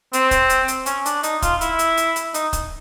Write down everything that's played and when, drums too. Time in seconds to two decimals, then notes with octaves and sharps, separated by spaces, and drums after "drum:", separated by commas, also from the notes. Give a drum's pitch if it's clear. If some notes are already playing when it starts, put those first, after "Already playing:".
0.13 C4, drum: hi-hat
0.31 drum: kick, hi-hat
0.50 drum: hi-hat
0.68 drum: hi-hat
0.86 C#4, drum: hi-hat
1.06 D4, drum: hi-hat
1.23 D#4, drum: hi-hat
1.42 F4, drum: kick, hi-hat
1.61 E4, drum: hi-hat
1.79 drum: hi-hat
1.97 drum: hi-hat
2.16 drum: hi-hat
2.34 D#4, drum: hi-hat
2.53 drum: kick, hi-hat